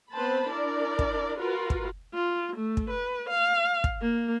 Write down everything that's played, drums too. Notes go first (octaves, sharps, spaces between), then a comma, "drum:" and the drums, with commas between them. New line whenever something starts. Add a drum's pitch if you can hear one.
B3 C4 B4 C5 A5 B5
D4 E4 A#4 D5
drum: kick
F4 F#4 A#4 B4
drum: kick
F4
A3
drum: kick
B4
F5
drum: kick
A#3